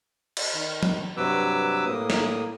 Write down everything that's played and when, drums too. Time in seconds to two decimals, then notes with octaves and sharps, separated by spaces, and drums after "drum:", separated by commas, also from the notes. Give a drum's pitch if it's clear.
0.37 drum: cymbal
0.54 D#3
0.83 drum: tom
1.17 G2 C3 F#3 B4 D6 E6
1.86 A2 A#3 D#6
2.10 drum: snare